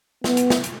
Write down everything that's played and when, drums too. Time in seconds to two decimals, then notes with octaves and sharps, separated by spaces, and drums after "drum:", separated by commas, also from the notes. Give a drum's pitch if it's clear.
0.24 B3, drum: snare
0.37 drum: hi-hat
0.50 drum: snare
0.64 drum: hi-hat